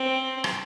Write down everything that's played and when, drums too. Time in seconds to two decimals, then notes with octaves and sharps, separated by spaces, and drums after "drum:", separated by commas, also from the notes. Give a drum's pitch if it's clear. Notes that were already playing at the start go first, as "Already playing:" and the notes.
Already playing: C4
0.44 drum: rim click